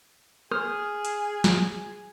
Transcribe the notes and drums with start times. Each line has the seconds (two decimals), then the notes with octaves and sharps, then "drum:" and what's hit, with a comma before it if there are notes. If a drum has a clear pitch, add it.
0.51 G#4 D#6 F6, drum: rim click
1.05 drum: hi-hat
1.44 drum: snare